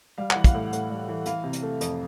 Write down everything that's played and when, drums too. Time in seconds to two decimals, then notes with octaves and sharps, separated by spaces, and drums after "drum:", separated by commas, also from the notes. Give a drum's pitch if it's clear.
0.18 G3 F5
0.30 E3 F#5, drum: clap
0.44 F5, drum: kick, hi-hat
0.54 A2
0.73 A2, drum: hi-hat
0.90 G3
1.08 E3
1.26 E3 F5, drum: hi-hat
1.44 C3
1.53 drum: hi-hat
1.62 A3
1.81 F2, drum: hi-hat